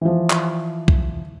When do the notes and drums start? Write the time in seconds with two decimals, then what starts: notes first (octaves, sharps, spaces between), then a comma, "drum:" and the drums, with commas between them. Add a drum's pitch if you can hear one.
0.01 E3 F3
0.30 drum: clap
0.88 drum: kick B1